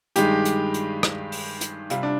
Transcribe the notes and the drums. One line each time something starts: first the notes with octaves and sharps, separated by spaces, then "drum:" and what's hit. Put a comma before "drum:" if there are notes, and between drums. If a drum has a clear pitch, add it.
G2 D#3 G#3 G4, drum: hi-hat
drum: hi-hat
drum: hi-hat
drum: rim click
drum: open hi-hat
drum: hi-hat
C3 G3 F4, drum: hi-hat
D4